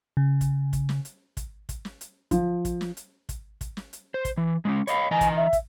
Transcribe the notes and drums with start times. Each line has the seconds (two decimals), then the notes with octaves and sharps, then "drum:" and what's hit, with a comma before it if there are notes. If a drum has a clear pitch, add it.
0.17 C#3
0.41 drum: kick, hi-hat
0.73 drum: kick, hi-hat
0.89 drum: snare
1.05 drum: hi-hat
1.37 drum: kick, hi-hat
1.69 drum: kick, hi-hat
1.85 drum: snare
2.01 drum: hi-hat
2.31 F3, drum: kick, hi-hat
2.65 drum: kick, hi-hat
2.81 drum: snare
2.97 drum: hi-hat
3.29 drum: kick, hi-hat
3.61 drum: kick, hi-hat
3.77 drum: snare
3.93 drum: hi-hat
4.14 C5
4.25 drum: kick, hi-hat
4.37 E3
4.65 G#3 C4 C#4
4.87 C#5 D#5 F5 B5, drum: hi-hat
5.11 E3 D#5 G#5 A#5
5.21 drum: kick, hi-hat
5.37 E5
5.53 drum: kick, hi-hat